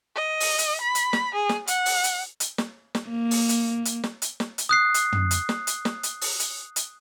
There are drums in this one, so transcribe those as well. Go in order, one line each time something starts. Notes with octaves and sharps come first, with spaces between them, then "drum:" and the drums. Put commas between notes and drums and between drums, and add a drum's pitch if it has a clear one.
D#5
drum: open hi-hat
drum: hi-hat
B5
drum: hi-hat
drum: snare
G#4
drum: snare
F#5, drum: hi-hat
drum: open hi-hat
drum: hi-hat
drum: hi-hat
drum: snare
drum: snare
A#3
drum: open hi-hat
drum: hi-hat
drum: hi-hat
drum: snare
drum: hi-hat
drum: snare
drum: hi-hat
D#6 F#6 C7
drum: hi-hat
drum: tom
drum: hi-hat
drum: snare
drum: hi-hat
drum: snare
drum: hi-hat
drum: open hi-hat
drum: hi-hat
drum: hi-hat